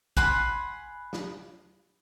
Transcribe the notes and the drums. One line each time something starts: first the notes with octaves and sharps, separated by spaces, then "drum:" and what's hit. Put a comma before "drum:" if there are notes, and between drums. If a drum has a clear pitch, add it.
F#5 G#5 B5 C6, drum: kick
drum: snare